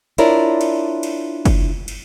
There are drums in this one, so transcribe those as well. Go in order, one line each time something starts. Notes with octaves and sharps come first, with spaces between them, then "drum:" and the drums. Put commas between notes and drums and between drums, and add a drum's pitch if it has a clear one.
D4 E4 F4 A#4 C#5 D5, drum: cymbal
drum: cymbal
drum: cymbal
drum: kick, cymbal
drum: cymbal